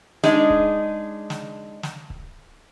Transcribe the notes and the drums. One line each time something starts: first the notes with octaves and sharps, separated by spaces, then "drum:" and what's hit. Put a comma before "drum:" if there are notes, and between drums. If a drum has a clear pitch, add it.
G#3 D4 D#4 G#4, drum: snare
drum: kick C#1
drum: snare
drum: snare
drum: kick C#1